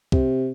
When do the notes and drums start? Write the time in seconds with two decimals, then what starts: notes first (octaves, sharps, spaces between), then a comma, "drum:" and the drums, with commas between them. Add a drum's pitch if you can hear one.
0.12 C3, drum: kick C2